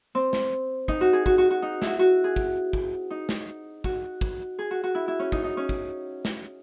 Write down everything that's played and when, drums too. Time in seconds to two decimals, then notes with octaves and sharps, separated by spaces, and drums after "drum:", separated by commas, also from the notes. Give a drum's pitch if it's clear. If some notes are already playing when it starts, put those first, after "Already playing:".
0.15 C4
0.33 drum: snare
0.88 D#4, drum: kick
1.01 F#4
1.13 G#4
1.26 F#4, drum: kick
1.38 F#4
1.50 F#4
1.62 D#4
1.82 E4, drum: snare
1.87 F#4
1.99 F#4
2.24 G#4
2.36 drum: kick
2.73 drum: kick
3.10 D#4
3.29 drum: snare
3.84 F#4, drum: kick
4.21 drum: kick
4.59 G#4
4.71 F#4
4.83 F#4
4.95 E4
5.08 E4
5.19 C#4
5.32 D#4, drum: kick
5.44 D#4
5.57 C#4
5.69 drum: kick
6.25 drum: snare